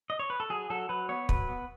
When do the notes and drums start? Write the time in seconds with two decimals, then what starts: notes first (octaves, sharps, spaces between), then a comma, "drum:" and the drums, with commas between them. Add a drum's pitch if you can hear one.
0.10 D#5
0.19 C#5
0.30 B4
0.40 A4
0.50 F#3 G#4
0.70 F#3 A4
0.89 F#3 B4
1.09 B3 C#5
1.29 F#3 B4, drum: kick
1.49 B3